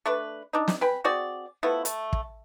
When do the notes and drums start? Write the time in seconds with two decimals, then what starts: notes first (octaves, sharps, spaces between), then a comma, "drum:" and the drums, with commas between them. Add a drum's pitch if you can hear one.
0.06 A3 D4 B4
0.53 D4 D#4
0.68 drum: snare
0.81 B4 G5 G#5 B5
1.04 C4 F#4 G#4 D5
1.63 F3 A3 B3 E4
1.85 A3, drum: hi-hat
2.13 drum: kick